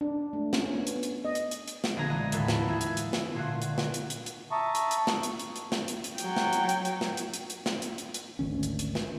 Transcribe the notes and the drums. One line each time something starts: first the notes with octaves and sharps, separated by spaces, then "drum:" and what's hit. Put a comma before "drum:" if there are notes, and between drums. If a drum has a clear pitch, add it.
D4
A3
C#4, drum: snare
B3
drum: hi-hat
drum: hi-hat
D#5
drum: hi-hat
drum: hi-hat
drum: hi-hat
drum: snare
A#1 D3 D#4 G#4 A#5
E3 G#3 D#5
F1 D#2 A2 B3 E4 A4, drum: hi-hat
drum: snare
G#4 E5
drum: hi-hat
drum: hi-hat
drum: snare
A#2 D3 F4 F#4
drum: hi-hat
drum: snare
drum: hi-hat
drum: hi-hat
drum: hi-hat
E5 A5 A#5 C#6 D#6
drum: hi-hat
drum: hi-hat
drum: snare
drum: hi-hat
drum: hi-hat
drum: hi-hat
drum: snare
drum: hi-hat
drum: hi-hat
F#3 G5, drum: hi-hat
drum: snare
drum: hi-hat
drum: hi-hat
drum: hi-hat
drum: snare
drum: hi-hat
drum: hi-hat
drum: hi-hat
drum: snare
drum: hi-hat
drum: hi-hat
drum: hi-hat
G#1 D2 D#3 C#4
drum: hi-hat
drum: hi-hat
drum: snare